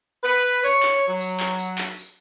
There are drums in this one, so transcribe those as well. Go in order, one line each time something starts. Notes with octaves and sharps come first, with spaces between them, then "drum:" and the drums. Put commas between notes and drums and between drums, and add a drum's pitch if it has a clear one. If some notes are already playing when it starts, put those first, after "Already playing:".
B4
C#5, drum: tambourine
drum: clap
F#3
drum: tambourine
drum: clap
drum: tambourine
drum: clap
drum: tambourine